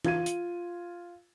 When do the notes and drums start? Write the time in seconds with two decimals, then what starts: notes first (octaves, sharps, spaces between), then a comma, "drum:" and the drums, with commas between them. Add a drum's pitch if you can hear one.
0.05 F4 G#6 D#7, drum: tom E3
0.26 drum: hi-hat